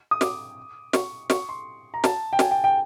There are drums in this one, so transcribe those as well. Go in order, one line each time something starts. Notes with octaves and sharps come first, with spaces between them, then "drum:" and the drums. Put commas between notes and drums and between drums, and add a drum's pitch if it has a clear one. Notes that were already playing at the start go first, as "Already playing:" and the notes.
D#6
D6, drum: snare
C#6, drum: snare
C#6, drum: snare
C6
A#5
A5, drum: snare
G5
G#5, drum: snare
G5
G5